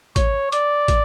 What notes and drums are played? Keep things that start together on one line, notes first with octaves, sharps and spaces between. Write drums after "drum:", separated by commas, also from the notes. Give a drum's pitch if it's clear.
C#5, drum: kick, hi-hat
D5, drum: hi-hat
drum: kick, hi-hat